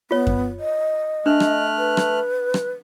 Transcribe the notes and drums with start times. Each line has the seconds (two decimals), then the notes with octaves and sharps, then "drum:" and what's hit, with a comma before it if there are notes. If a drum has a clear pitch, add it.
0.11 B3 F4 C#5
0.27 drum: kick F#2
0.59 D#5
1.26 A3 D4 F6 F#6
1.40 drum: rim click
1.78 B4
1.97 drum: rim click
2.54 drum: rim click